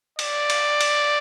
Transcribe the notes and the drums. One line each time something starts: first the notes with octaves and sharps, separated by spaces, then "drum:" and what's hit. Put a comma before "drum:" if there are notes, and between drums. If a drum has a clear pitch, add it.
D5, drum: cymbal
drum: cymbal
drum: cymbal